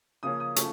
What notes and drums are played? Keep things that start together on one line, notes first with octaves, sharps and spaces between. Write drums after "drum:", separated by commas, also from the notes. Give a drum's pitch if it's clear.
C#3 F3 A#3 C#4 D#6
D#6
C#3 F3 A3 C#6, drum: hi-hat